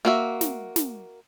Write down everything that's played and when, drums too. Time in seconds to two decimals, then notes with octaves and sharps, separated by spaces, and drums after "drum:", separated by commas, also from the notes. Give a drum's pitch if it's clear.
0.05 A#3 F#4 E5
0.41 drum: snare
0.76 drum: snare